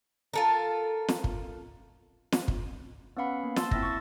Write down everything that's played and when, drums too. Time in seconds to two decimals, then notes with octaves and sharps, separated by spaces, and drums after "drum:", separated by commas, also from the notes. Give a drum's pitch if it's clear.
0.33 F4 A4 A#4
1.08 drum: snare
1.24 drum: kick
2.32 drum: snare
2.48 drum: kick
3.17 B3 C#4 B4 F5 F#5 B5
3.44 A#3
3.56 A5 C6 E6 A6, drum: snare
3.71 C4 E4 E5 E6 A6 A#6, drum: kick
3.83 C#6 A6